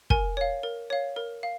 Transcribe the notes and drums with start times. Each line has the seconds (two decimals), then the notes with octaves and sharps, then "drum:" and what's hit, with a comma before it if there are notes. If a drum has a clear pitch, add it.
0.10 A#4 G#5, drum: kick
0.37 C#5 F5
0.63 A#4
0.90 C#5 F5
1.16 A#4
1.43 F5